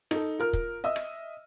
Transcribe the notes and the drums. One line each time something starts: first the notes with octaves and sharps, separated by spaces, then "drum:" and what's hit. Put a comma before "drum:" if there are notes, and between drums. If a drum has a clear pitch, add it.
D#4 A4, drum: rim click
F4 A#4 F6
drum: kick, hi-hat
D#5 E5 E6
drum: rim click